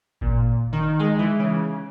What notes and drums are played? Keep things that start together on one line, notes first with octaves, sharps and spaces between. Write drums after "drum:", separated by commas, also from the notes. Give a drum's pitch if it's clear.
A#2, drum: kick G#1
D#3
G#3
E3
C#3